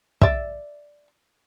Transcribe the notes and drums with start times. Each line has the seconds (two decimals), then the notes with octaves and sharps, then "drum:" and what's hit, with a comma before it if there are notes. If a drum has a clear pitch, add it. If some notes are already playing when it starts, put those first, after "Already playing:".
0.21 D5 E5, drum: kick